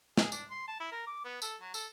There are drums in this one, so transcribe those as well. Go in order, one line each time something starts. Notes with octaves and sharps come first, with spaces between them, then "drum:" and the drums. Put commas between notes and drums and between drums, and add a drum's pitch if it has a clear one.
G#4, drum: snare
D4, drum: tambourine
C6
A5
E4
A#4
D6
B3
A4, drum: tambourine
F#3
A4, drum: tambourine